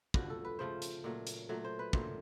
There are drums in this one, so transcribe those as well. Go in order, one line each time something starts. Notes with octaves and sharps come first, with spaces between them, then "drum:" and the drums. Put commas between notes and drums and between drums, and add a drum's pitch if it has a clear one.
G2 D3 F3 F#4, drum: kick
A4
B4
C#3 F3 A3 C5
drum: hi-hat
A#2 F#3 A3
drum: hi-hat
A#2 F#3 A3
C5
B4
A#2 F#3 A3 C5, drum: kick